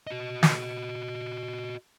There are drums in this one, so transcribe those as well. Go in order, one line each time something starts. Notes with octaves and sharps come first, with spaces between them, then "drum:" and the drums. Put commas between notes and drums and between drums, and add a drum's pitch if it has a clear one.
F#4 D#5
drum: snare